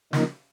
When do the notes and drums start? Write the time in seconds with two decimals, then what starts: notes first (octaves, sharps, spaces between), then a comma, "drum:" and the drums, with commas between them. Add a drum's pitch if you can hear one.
0.13 C#3 F3 A#3 D#4, drum: snare